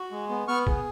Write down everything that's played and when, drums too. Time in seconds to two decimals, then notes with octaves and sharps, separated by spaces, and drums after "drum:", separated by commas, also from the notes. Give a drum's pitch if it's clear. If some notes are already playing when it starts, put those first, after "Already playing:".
Already playing: F#4
0.11 G#3
0.29 B3
0.48 B3 C#6 F6
0.67 G#4, drum: kick